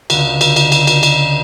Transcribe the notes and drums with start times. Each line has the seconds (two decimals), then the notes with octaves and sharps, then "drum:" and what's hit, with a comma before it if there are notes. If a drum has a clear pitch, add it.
0.10 C#2 D3, drum: cymbal
0.41 drum: cymbal
0.56 drum: cymbal
0.72 drum: cymbal
0.87 drum: cymbal
1.03 drum: cymbal